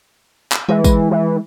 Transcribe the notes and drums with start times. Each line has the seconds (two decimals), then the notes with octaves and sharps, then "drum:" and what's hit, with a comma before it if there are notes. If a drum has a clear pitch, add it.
0.52 drum: clap
0.69 E3 G#3
0.84 G#3, drum: kick, tambourine
1.11 E3